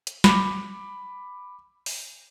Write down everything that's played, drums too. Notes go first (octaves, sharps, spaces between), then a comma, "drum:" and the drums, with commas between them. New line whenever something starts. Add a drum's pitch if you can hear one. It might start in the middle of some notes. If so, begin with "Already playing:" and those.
drum: hi-hat
B5 D6, drum: snare
drum: open hi-hat